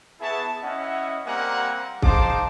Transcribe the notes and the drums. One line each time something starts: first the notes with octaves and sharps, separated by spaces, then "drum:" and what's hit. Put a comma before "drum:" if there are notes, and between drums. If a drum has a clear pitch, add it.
B3 E4 G#4 E5 A5 C#6
C#4 E4 D#5 E5 F#5
G3 A#3 C4 F#5 G#5 A#5
D#4 G#4 C5 F5 A5 D6, drum: kick